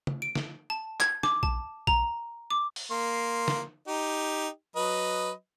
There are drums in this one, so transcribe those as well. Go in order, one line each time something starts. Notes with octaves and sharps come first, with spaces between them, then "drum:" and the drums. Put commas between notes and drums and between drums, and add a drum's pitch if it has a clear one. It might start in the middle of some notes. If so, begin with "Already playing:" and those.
drum: tom
D7
drum: snare
A5
G#6, drum: clap
D6, drum: rim click
A5, drum: kick A#1
A#5, drum: kick A#1
D6
drum: open hi-hat
A#3 C6
drum: snare
D#4 G4
F#3 B4 D#5